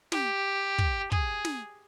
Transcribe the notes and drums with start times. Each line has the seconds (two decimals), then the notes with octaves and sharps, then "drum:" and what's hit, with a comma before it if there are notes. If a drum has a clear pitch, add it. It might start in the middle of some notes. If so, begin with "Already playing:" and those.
0.12 G4, drum: snare
0.78 drum: kick
1.12 G#4, drum: kick
1.45 drum: snare